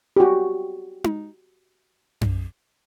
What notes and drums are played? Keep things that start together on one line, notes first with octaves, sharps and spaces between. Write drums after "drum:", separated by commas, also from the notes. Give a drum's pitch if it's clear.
F#4 G4
drum: tom D#4
drum: tom F#2